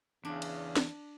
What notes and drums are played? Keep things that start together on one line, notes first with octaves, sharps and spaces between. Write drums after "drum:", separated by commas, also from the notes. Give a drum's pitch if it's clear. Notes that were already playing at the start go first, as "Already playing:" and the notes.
E2 C#3 D4
drum: cymbal
drum: snare